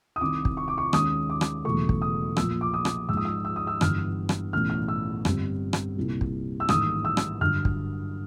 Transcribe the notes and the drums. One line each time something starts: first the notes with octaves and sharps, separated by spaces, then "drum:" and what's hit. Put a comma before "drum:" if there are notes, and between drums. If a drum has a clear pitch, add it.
D#6
C2 C3 D#3 D6
drum: kick
C#6
D6
C#6
D#2 D#3 G#3 C#4 D#6, drum: rim click
D6
drum: rim click
E1 E2 C#3 F#3 A3 C#6
drum: kick
D#6
A#1 A#2 F3 A#3 E6, drum: rim click
D6
D#6
drum: rim click
G#2 F3 G#3 E6
D#6
E6
E6
D#6
E6
G1 G2 E3 F6, drum: rim click
drum: rim click
B1 A2 E3 A3 C#4 F6
F6
E6
G1 G2 D3 G3 C4, drum: rim click
drum: rim click
C2 A#2 G3
drum: kick
E6
A1 G#2 D#3 G3 A#3 D#6, drum: rim click
E6
drum: rim click
G2 D3 F#3 F6
drum: kick